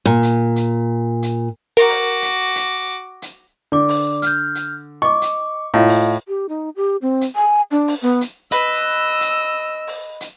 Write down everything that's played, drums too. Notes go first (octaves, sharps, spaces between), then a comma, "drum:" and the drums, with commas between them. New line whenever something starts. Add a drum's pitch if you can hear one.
A#2
drum: hi-hat
drum: hi-hat
drum: hi-hat
F#4 A#4 D6
drum: open hi-hat
drum: hi-hat
drum: hi-hat
drum: hi-hat
D3 D5 D6
drum: open hi-hat
F6 G6, drum: hi-hat
drum: hi-hat
D#5 C#6 D6
drum: hi-hat
A2 F4 D#5 F5
drum: open hi-hat
G4
D#4
G4
C4
drum: hi-hat
G#5
D4
drum: open hi-hat
B3
drum: hi-hat
B4 D#5 E6, drum: hi-hat
drum: hi-hat
drum: open hi-hat
drum: hi-hat